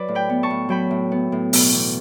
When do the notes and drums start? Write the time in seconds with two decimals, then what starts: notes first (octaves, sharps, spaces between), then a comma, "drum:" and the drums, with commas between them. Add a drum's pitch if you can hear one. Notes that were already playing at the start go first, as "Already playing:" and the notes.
Already playing: F#3 B4 D5
0.08 A2
0.15 G5 B5
0.30 B3
0.43 A5 C#6
0.50 A2
0.69 F#3 G5 B5
0.91 A2
1.12 B3
1.32 A2
1.53 B2, drum: open hi-hat
1.73 E2